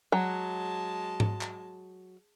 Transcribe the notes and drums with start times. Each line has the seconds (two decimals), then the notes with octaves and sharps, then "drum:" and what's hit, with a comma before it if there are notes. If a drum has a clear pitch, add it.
0.12 F#3 G#3 A5
1.20 drum: tom G#2
1.41 drum: clap